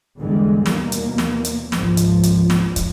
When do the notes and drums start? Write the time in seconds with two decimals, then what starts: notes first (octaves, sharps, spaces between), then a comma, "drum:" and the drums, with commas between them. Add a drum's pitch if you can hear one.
0.19 E2 D3 E3 G3 G#3
0.66 D#2 B2 E3 A#3, drum: snare
0.92 drum: hi-hat
1.18 drum: snare
1.45 drum: hi-hat
1.72 G#1 C#2 F3, drum: snare
1.97 drum: hi-hat
2.23 drum: hi-hat
2.50 drum: snare
2.76 drum: kick, hi-hat